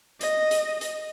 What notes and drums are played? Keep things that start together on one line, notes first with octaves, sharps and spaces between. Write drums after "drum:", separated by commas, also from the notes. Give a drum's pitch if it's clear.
D#5, drum: hi-hat
drum: hi-hat
drum: hi-hat